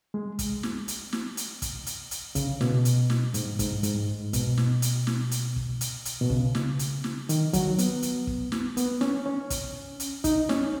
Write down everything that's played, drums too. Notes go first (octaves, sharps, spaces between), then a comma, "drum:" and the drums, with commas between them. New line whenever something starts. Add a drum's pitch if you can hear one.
G#3
drum: kick, hi-hat
drum: snare
drum: hi-hat
drum: snare
drum: hi-hat
drum: kick, hi-hat
drum: hi-hat
drum: hi-hat
C#3, drum: kick, hi-hat
B2, drum: snare
drum: hi-hat
drum: snare
G#2, drum: hi-hat
G#2, drum: kick, hi-hat
G#2, drum: hi-hat
B2, drum: kick, hi-hat
drum: snare
drum: hi-hat
drum: snare
drum: hi-hat
drum: kick
drum: hi-hat
drum: hi-hat
B2
C#3, drum: kick
drum: snare
drum: hi-hat
drum: snare
D#3, drum: hi-hat
F#3, drum: kick, hi-hat
B3, drum: hi-hat
drum: hi-hat
drum: kick
drum: snare
B3, drum: hi-hat
C#4, drum: snare
C#4
drum: kick, hi-hat
drum: hi-hat
D#4, drum: kick, hi-hat
C#4, drum: snare